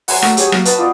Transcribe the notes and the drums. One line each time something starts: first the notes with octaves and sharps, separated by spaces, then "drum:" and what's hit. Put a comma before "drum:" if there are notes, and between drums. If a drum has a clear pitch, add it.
F#3 F#5 G#5 C6, drum: open hi-hat
A3 C#6 E6, drum: rim click
G4 G#4 C#5, drum: hi-hat
F#3 A#3, drum: rim click
B4 D#5 F#5 A5 B5, drum: hi-hat
C4 F4 D5 D#5